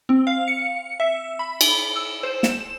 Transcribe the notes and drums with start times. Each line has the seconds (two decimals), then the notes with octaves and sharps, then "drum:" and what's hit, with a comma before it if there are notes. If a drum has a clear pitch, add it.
0.09 C4
0.27 F5
0.48 C#7
1.00 E5
1.39 B5
1.61 drum: cymbal
1.96 E6
2.23 C5
2.43 E7, drum: snare